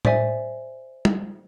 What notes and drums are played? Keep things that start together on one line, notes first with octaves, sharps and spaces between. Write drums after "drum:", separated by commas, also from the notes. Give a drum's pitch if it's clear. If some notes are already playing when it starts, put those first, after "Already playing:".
C5 D5 E5 G#5, drum: tom A2
drum: tom G3